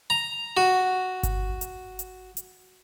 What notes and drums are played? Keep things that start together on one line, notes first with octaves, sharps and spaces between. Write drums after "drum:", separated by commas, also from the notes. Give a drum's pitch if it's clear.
A#5
F#4
drum: kick G1, hi-hat
drum: hi-hat
drum: hi-hat
drum: hi-hat